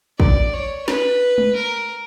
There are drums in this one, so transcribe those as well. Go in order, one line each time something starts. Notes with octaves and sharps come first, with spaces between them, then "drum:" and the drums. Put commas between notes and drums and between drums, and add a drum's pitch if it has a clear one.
D5, drum: kick
C#5
B4, drum: snare
drum: tom G#3
A#4